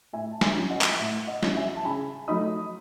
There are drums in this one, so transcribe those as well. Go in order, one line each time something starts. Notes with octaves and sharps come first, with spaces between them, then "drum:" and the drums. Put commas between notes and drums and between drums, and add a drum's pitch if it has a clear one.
A2 E5 G#5
A5
E5 G#5, drum: snare
F#3 C#4 E4
D#5 F#5
drum: clap
A2 E5
D#5 F#5
F#3 C#4 E4, drum: snare
E5 G#5
A5
C#3 G#5 B5
F#3 A3 D#4 B5 D#6